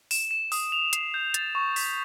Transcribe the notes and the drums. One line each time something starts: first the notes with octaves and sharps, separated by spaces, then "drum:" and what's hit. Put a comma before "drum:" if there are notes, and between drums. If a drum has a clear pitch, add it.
E7, drum: open hi-hat
E7
D#6, drum: open hi-hat
F7
C7, drum: hi-hat
G6
A6, drum: hi-hat
C#6
B6, drum: open hi-hat